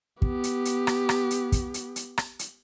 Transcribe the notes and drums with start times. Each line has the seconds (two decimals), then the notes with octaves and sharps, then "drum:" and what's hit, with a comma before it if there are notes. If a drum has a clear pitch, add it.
0.22 B3 G4, drum: kick
0.44 drum: hi-hat
0.65 drum: hi-hat
0.87 drum: rim click
1.09 drum: rim click
1.31 drum: hi-hat
1.52 drum: kick, hi-hat
1.74 drum: hi-hat
1.96 drum: hi-hat
2.18 drum: rim click
2.39 drum: hi-hat